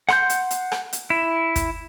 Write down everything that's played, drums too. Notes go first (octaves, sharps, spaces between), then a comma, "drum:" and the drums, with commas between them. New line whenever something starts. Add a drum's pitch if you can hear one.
F#5 C6 G6, drum: rim click
drum: hi-hat
drum: hi-hat
drum: rim click
drum: hi-hat
E4
drum: kick, hi-hat